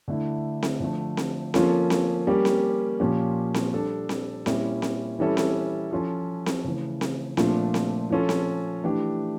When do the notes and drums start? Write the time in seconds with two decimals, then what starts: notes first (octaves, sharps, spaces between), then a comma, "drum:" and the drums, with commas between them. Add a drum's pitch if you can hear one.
0.08 D3 A3 E4
0.63 drum: snare C4
0.80 D3 F3 A3
1.17 drum: snare C4
1.54 F3 A#3 C#4 F4 A4, drum: snare C4
1.90 drum: snare C4
2.27 G3 A#3 C#4 G4
2.45 drum: snare C4
3.00 A#2 F3 C#4 G4
3.54 drum: snare C4
3.73 G3 D4 A4
4.09 drum: snare C4
4.46 A#2 G3 C#4 E4, drum: snare C4
4.82 drum: snare C4
5.19 E3 G3 C#4 E4 A4
5.37 drum: snare C4
5.91 F3 C#4 F4 A4
6.46 drum: snare C4
6.64 C#3 E3 A3
7.01 drum: snare C4
7.37 A#2 F3 A3 D4 F4, drum: snare C4
7.74 drum: snare C4
8.10 F3 C#4 F4 A4
8.29 drum: snare C4
8.83 E3 A3 D4 G4